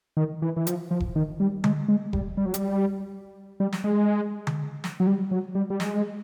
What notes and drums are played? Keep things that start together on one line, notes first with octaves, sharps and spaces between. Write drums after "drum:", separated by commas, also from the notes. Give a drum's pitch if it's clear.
D#3
E3
E3
F3, drum: hi-hat
F3
drum: kick E1
D#3
G3
G#3, drum: tom D3
G#3
G3, drum: kick E1
G3
F#3
G3, drum: hi-hat
G3
drum: snare
G#3
drum: tom D3
drum: snare
F#3
G3
F#3
G3
G3
G#3, drum: snare